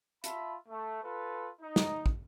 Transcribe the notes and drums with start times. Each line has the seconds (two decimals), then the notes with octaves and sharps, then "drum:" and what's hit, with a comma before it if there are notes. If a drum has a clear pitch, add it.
0.24 F4 E5 A5 B5, drum: hi-hat
0.68 A3
1.03 F4 A4 B4
1.61 D#4
1.76 drum: snare
2.06 drum: kick